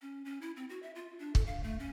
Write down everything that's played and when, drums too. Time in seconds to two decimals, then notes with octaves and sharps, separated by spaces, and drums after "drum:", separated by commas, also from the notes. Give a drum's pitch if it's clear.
0.02 C#4
0.25 C#4
0.41 E4
0.57 C4
0.70 F#4
0.82 E5
0.95 F4
1.19 D4
1.35 A4, drum: kick
1.47 F5
1.63 A3
1.79 C#4